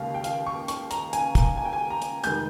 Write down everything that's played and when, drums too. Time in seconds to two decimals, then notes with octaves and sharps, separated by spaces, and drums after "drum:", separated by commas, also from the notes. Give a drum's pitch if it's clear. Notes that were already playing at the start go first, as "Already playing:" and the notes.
Already playing: D#2 C#3 G#3 F5
0.15 G5
0.24 F5, drum: hi-hat
0.46 C#6
0.68 C#6, drum: hi-hat
0.91 A#5, drum: hi-hat
1.13 G#5, drum: hi-hat
1.35 drum: kick, hi-hat
1.57 G#5
1.65 G5
1.73 G#5
1.90 A#5
2.02 drum: hi-hat
2.24 F1 D#3 G#3 G6, drum: hi-hat